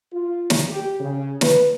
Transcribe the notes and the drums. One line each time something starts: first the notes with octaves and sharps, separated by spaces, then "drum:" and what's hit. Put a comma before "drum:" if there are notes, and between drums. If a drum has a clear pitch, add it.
F4
drum: snare
G4
C#3
B4, drum: snare